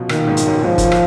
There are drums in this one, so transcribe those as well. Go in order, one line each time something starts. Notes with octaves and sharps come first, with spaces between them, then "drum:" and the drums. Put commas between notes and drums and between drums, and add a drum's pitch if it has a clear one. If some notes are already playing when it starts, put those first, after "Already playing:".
Already playing: B2 F3 F#3
A#2 D#3, drum: rim click
G#2
drum: hi-hat
F#2
A#2
G#2 F3
drum: kick F#1, hi-hat
drum: rim click